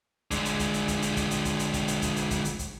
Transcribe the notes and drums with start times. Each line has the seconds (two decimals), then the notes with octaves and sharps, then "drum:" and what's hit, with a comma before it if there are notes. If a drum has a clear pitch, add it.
0.31 D3 G#3, drum: kick, hi-hat
0.45 drum: hi-hat
0.59 drum: kick, hi-hat
0.74 drum: hi-hat
0.88 drum: kick, hi-hat
1.02 drum: hi-hat
1.16 drum: kick, hi-hat
1.31 drum: hi-hat
1.45 drum: kick, hi-hat
1.59 drum: hi-hat
1.74 drum: kick, hi-hat
1.88 drum: hi-hat
2.02 drum: kick, hi-hat
2.16 drum: hi-hat
2.31 drum: kick, hi-hat
2.45 drum: hi-hat
2.59 drum: kick, hi-hat